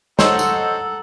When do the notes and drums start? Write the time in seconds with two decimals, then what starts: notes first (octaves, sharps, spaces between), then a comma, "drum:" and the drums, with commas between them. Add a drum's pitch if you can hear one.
0.19 A4 C5 C#5 D#5 F#5 A#5 E6 F#7, drum: snare
0.39 drum: tambourine